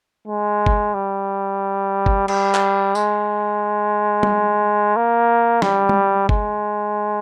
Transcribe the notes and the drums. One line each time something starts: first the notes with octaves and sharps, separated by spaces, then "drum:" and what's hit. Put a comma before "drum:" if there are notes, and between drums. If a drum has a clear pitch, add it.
G#3
drum: kick G1
G3
drum: kick G1
G3, drum: cymbal
drum: clap
G#3, drum: tambourine
drum: tom
A#3
G3, drum: snare
drum: tom
G#3, drum: kick G1